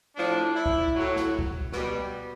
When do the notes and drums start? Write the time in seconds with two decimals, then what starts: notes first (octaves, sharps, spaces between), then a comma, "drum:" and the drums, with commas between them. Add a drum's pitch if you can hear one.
0.16 A2 F3 D4
0.55 E4
0.66 drum: kick
0.95 A2 F#3
1.16 drum: snare
1.39 drum: kick
1.72 B2 G3, drum: snare